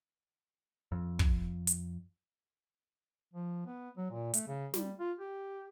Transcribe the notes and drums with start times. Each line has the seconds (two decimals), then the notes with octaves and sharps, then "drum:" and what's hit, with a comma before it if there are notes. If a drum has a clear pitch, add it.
0.92 F2
1.19 drum: kick
1.67 drum: hi-hat
3.33 F3
3.66 B3
3.97 F#3
4.11 A#2
4.34 A3, drum: hi-hat
4.47 C#3
4.74 G3, drum: snare
4.99 F4
5.19 G4